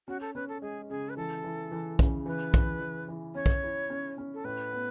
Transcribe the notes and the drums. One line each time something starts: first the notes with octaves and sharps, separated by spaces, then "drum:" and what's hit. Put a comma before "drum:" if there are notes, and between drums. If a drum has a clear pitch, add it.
C#4 F#4
A4
C#4 B4
A4
G#3 G#4
C#3 G#4
B4
E3 A4
E3
E3
C#3, drum: kick
E3 B4
E3, drum: kick
E3
E3
C#4 C#5
drum: kick
E4
C#4
C#4
A4
A2 B4
B3